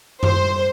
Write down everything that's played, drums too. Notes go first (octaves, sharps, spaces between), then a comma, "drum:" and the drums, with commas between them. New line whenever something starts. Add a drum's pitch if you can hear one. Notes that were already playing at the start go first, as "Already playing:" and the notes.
C5, drum: tom F#2